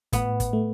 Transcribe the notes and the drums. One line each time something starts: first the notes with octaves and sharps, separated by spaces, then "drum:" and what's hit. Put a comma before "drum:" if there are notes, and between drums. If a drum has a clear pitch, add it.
A2 B3, drum: kick, hi-hat
drum: kick, hi-hat
A3